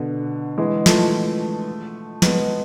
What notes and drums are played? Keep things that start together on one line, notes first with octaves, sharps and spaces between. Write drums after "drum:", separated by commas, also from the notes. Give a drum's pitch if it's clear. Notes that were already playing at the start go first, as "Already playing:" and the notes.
Already playing: B2 D3
E3 G#3
F3 A3, drum: snare
G#3 B3, drum: snare